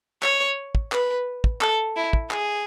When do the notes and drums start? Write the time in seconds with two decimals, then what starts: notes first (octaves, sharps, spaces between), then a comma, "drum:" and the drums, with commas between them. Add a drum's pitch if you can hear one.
0.23 C#5, drum: clap
0.75 drum: kick
0.92 B4, drum: clap
1.44 drum: kick
1.61 A4, drum: clap
1.96 E4
2.13 drum: kick
2.31 G#4, drum: clap